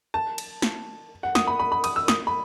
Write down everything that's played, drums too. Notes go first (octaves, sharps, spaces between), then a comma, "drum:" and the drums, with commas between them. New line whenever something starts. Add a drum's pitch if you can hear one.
A5
drum: cymbal
drum: snare
F#5
D#6, drum: snare
B5
B5
B5
D#6, drum: cymbal
E6
D#6, drum: snare
B5